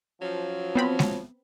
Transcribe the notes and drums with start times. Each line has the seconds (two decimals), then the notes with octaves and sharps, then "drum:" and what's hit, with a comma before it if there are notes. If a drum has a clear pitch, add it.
0.21 F3 F#3 C#4
0.75 B3 C4 B5
0.99 drum: snare G#3